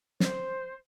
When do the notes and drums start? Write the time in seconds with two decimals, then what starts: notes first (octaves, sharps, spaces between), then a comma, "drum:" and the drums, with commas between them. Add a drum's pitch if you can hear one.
0.20 C5, drum: snare